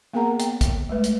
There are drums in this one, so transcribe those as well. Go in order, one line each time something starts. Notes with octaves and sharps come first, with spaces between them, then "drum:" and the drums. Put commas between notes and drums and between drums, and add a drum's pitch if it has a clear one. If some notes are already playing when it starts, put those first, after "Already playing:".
A#3 B3 G#4 A#4 F#5 A#5
G5, drum: hi-hat
drum: kick, hi-hat
G#3 A3 B4
drum: hi-hat